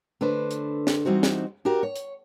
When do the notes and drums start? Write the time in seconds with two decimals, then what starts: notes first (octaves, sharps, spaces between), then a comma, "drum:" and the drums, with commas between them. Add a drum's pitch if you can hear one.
0.21 D3 A3 D4 B4 C5
0.51 drum: hi-hat
0.87 drum: snare
1.05 E3 G3 C4 D#4 F#4 C5
1.23 drum: snare
1.65 D4 F#4 G4 A#4
1.83 C#5
1.96 drum: hi-hat